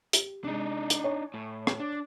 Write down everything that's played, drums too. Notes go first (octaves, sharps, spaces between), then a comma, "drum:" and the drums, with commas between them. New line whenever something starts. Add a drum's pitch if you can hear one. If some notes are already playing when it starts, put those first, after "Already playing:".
G4, drum: hi-hat
C3 G#3 D4 D#4
drum: hi-hat
C#5 G#5
A2
drum: rim click
D4